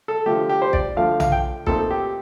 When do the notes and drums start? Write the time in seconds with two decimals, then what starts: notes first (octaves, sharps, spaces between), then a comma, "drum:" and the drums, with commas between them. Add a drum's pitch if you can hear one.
0.08 A4
0.26 D3 F3 A3 G4
0.49 G4
0.62 C5
0.73 D5, drum: kick
0.97 D3 F3 A3 F5
1.20 F5, drum: tom B1
1.32 G5
1.66 A#2 A3 C4 D#4 A4, drum: kick
1.91 G4